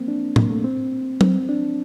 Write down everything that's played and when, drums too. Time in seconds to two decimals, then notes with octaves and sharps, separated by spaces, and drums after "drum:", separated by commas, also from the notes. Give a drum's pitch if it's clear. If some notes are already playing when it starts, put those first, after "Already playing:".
Already playing: A#3 C4
0.08 D4
0.36 A#3, drum: tom
0.50 A3
0.64 C4
1.21 C4, drum: tom
1.49 D4